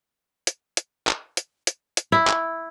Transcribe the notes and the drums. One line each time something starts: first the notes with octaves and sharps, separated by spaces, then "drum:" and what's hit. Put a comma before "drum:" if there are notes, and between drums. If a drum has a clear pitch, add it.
drum: hi-hat
drum: hi-hat
drum: clap
drum: hi-hat
drum: hi-hat
drum: hi-hat
E4
drum: clap